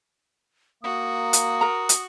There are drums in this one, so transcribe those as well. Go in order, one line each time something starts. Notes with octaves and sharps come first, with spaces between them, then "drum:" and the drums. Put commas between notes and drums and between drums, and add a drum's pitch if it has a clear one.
A#3 F#4 D#6
drum: hi-hat
A#4 A#5
drum: hi-hat